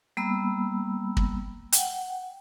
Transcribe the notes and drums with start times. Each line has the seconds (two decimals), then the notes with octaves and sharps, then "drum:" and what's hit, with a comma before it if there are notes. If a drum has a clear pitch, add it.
0.17 G3 A#3 B3 B5 E6
1.17 drum: kick
1.73 F#5 G5, drum: hi-hat